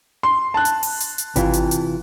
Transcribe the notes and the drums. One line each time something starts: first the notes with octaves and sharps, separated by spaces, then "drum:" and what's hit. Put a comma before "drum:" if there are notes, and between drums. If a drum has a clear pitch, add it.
C6
A5 F#6
drum: hi-hat
drum: open hi-hat
drum: hi-hat
drum: hi-hat
C3 E3 F4, drum: kick G#1, hi-hat
drum: hi-hat
drum: hi-hat